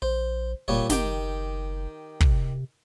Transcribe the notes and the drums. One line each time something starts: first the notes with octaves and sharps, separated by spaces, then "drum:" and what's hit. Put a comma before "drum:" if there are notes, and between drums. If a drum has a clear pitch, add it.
A#1 C5
F1 A#2 G3 C#5
F#1 D#3 G4 G5, drum: snare
C3, drum: kick